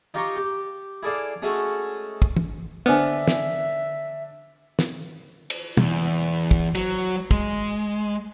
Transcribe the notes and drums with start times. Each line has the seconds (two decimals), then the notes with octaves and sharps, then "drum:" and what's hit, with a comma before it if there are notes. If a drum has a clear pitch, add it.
0.14 D#4 F4 G4 A#5 C#6
0.36 G4
1.03 E4 G#4 A4 D5 F5
1.42 G#3 A3 C#4 F#4 A4
2.22 drum: kick
2.36 drum: tom
2.86 D3 B3 D4 C5 E5 G#5 F6
3.28 drum: snare
4.79 drum: snare
5.50 drum: cymbal
5.77 E2, drum: tom
6.51 drum: kick
6.75 F#3, drum: cymbal
7.31 G#3, drum: kick